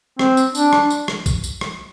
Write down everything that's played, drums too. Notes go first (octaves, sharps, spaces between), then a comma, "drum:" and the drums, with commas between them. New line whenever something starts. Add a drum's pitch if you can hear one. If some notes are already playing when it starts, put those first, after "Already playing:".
C4, drum: rim click
drum: tambourine
D4, drum: tambourine
drum: rim click
drum: tambourine
drum: rim click
drum: kick A#1, tambourine
drum: tambourine
drum: rim click